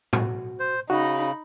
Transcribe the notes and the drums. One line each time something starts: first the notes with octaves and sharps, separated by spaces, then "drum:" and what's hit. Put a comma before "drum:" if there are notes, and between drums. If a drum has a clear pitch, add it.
F#4, drum: tom A2
C5
C#3 D#4 F#4 B5